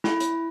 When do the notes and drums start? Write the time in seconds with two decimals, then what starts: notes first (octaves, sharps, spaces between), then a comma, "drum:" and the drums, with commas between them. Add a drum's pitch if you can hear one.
0.04 E4, drum: snare
0.20 drum: hi-hat